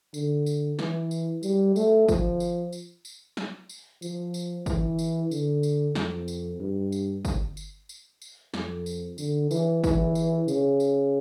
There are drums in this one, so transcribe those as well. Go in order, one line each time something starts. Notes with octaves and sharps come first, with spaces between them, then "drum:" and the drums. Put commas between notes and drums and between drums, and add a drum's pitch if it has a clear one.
D3, drum: tambourine
drum: tambourine
E3, drum: snare
drum: tambourine
G3, drum: tambourine
A3, drum: tambourine
F3, drum: kick, tambourine
drum: tambourine
drum: tambourine
drum: tambourine
drum: snare
drum: tambourine
F3, drum: tambourine
drum: tambourine
E3, drum: kick, tambourine
drum: tambourine
D3, drum: tambourine
drum: tambourine
F2, drum: snare
drum: tambourine
G2
drum: tambourine
drum: kick, tambourine
drum: tambourine
drum: tambourine
drum: tambourine
F2, drum: snare
drum: tambourine
D3, drum: tambourine
E3, drum: tambourine
E3, drum: kick, tambourine
drum: tambourine
C#3, drum: tambourine
drum: tambourine